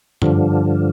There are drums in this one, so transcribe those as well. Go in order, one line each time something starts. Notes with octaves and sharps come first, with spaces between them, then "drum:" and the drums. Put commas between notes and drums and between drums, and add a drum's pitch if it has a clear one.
G2 D3 F3, drum: tom F#2